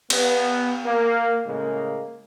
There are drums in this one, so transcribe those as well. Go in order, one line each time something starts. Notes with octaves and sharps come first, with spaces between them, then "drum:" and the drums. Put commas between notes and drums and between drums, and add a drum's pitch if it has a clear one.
B3, drum: cymbal
A#3
A2 C#3 G#3 A#3